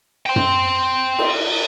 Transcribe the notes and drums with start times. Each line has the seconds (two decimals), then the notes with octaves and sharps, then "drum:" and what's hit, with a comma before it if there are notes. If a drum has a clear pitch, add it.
0.26 G5 C6
0.36 drum: tom F#2
1.18 drum: cymbal